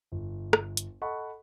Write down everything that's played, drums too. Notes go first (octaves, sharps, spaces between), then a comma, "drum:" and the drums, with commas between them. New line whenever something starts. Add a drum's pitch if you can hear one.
G1
drum: rim click
drum: hi-hat
A4 D#5 F#5 A5 B5 C#6